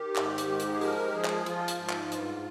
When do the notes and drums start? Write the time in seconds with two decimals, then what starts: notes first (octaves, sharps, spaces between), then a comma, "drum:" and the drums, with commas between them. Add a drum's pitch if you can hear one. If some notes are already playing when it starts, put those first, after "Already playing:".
Already playing: D#3 G4
0.16 G#2, drum: clap
0.38 drum: hi-hat
0.49 G#3
0.60 drum: hi-hat
0.73 G#4
0.81 F3 A#4, drum: open hi-hat
1.07 G4
1.14 F3 G#4
1.25 drum: clap
1.46 F3 F4, drum: hi-hat
1.68 drum: hi-hat
1.78 G#2
1.90 drum: clap
2.12 G2, drum: hi-hat